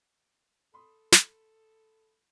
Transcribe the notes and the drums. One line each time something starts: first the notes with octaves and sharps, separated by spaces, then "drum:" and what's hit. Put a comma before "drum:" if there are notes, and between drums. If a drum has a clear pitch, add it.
A4 B5 C6 D#6
drum: snare